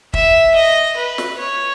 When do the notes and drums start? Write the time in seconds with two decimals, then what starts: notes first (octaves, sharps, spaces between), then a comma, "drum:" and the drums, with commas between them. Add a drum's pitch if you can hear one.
0.14 E5, drum: kick
0.55 D#5
0.97 B4
1.18 drum: snare
1.39 C#5